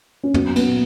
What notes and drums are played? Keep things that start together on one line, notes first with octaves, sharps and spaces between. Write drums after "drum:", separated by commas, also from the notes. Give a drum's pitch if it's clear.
C#4
F#3 B3, drum: tom
B3, drum: cymbal
A#2